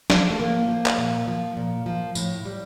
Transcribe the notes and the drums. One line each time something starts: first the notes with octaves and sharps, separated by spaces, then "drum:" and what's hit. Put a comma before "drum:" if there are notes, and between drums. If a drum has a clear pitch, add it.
F3, drum: snare
A3
A2 A#3
F3
drum: clap
A#2
F3
A#2
F3
A2, drum: tambourine
G3